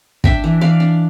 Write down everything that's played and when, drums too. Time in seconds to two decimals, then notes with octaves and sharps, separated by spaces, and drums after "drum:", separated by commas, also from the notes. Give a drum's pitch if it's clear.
0.24 D4 E5 G5, drum: kick
0.44 E3
0.61 E3 D5 F5
0.80 D4